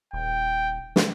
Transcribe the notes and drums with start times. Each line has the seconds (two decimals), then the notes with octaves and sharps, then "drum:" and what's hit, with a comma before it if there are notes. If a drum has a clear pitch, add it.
0.14 D#1 G5
0.96 drum: snare